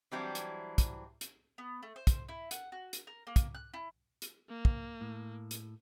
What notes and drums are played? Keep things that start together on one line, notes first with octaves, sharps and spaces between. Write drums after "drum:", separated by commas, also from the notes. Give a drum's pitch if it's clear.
E3 F#3 G3 C4 D4 E4
drum: hi-hat
drum: kick, hi-hat
drum: hi-hat
B3
A3
C5
drum: kick, hi-hat
E4
F#5, drum: hi-hat
F#4
drum: hi-hat
A#4
A#3
drum: kick, hi-hat
F#6
E4
drum: hi-hat
A#3
drum: kick
A2
drum: hi-hat